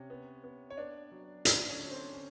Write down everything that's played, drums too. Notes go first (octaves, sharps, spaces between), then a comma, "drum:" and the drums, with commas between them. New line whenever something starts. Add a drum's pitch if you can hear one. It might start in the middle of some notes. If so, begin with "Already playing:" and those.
Already playing: C3 C#4 C#5
B3
B3
C#5
B3 D4 D5
F#3
D3 D4 D5, drum: hi-hat
C#4 C#5
D3
C4 C5
C#4